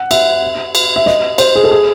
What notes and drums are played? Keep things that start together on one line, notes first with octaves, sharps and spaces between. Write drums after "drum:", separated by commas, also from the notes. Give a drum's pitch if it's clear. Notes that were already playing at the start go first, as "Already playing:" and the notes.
Already playing: F#5
E5, drum: cymbal
drum: cymbal
E5
D#5, drum: snare
C5, drum: cymbal
G#4
A4
G#4